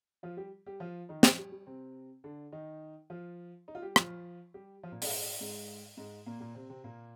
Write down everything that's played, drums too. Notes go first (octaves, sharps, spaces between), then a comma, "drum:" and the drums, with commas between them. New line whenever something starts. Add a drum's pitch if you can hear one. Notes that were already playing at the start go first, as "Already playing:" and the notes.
F3 F4
G3 G4
G3 G4
F3 F4
D#3 D#4
F3, drum: snare
G3
G3
C3 C4
D3 D4
D#3 D#4
F3 F4
D#4
F4
G3 G4
F3 F4, drum: rim click
G3 G4
F3 F4
A#2 A#3
G#2 G#3, drum: open hi-hat
G#2 G#3
G#2 G#3
A#2 A#3
A#2 A#3
C3 C4
C3 C4
A#2 A#3